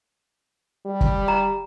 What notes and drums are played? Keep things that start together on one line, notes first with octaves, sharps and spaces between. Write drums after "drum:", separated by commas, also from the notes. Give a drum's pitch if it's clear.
G3
drum: kick
A#5